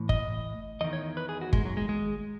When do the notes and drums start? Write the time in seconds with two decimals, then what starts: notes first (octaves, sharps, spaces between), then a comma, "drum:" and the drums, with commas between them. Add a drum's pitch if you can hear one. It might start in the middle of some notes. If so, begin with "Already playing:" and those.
Already playing: A2 E3
0.09 D#5, drum: kick G1
0.81 E2 D#3 D#5
0.93 C#5
1.17 B4
1.29 G#4
1.41 F#4
1.53 G#3, drum: kick G1
1.65 F#3
1.77 G#3
1.89 G#3